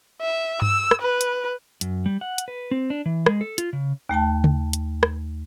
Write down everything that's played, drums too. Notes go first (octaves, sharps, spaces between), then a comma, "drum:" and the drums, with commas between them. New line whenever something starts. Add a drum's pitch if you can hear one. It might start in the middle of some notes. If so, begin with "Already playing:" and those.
E5
E6, drum: tom G2
drum: rim click
B4
drum: hi-hat
F#2, drum: hi-hat
G3
F#5
drum: hi-hat
B4
C4
D4
E3
G#3, drum: rim click
A4
F4, drum: hi-hat
C#3
D#2 A3 G5 A5
drum: tom C#3
drum: hi-hat
drum: rim click